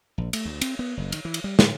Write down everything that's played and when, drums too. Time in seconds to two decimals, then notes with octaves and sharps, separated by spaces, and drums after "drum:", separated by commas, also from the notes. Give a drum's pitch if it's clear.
0.18 A#1
0.33 A3, drum: cymbal
0.45 D2
0.61 C4, drum: cymbal
0.79 B3
0.97 F#1
1.12 D#3, drum: cymbal
1.25 E3
1.34 drum: cymbal
1.44 G3
1.59 A2, drum: snare